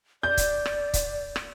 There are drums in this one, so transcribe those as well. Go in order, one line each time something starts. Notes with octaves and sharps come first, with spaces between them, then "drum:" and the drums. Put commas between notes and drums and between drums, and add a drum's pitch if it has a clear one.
D5 G6
drum: kick, hi-hat
drum: rim click
drum: kick, hi-hat
drum: rim click